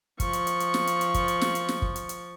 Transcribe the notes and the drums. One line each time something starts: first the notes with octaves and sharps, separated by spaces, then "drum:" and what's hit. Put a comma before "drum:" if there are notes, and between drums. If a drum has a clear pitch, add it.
F3 C#6, drum: kick, hi-hat
drum: hi-hat
drum: hi-hat
drum: hi-hat
drum: snare
drum: hi-hat
drum: hi-hat
drum: kick, hi-hat
drum: hi-hat
drum: snare
drum: hi-hat
drum: snare
drum: kick
drum: hi-hat
drum: hi-hat